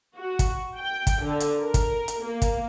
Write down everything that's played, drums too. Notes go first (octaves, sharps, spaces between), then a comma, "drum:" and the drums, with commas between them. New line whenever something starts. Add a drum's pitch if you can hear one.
F#4
drum: kick, hi-hat
G5
drum: kick, hi-hat
D3
drum: hi-hat
A#4
drum: kick, hi-hat
drum: hi-hat
A#3
drum: kick, hi-hat